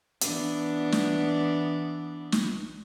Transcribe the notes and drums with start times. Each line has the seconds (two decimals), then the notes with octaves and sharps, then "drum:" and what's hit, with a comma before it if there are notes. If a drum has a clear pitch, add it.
0.21 E3 B3 D4, drum: hi-hat
0.92 drum: snare
2.32 drum: snare